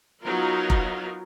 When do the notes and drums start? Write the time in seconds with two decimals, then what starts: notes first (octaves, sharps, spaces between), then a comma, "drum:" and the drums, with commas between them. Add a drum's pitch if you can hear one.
0.22 F#3 B3 D#4 F4 A#4
0.70 drum: kick F1